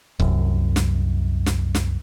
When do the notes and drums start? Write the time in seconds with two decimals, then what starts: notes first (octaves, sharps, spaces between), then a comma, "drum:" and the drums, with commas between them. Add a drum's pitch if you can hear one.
0.20 C2 F#2, drum: kick C#1
0.76 drum: snare
1.46 drum: snare
1.75 drum: snare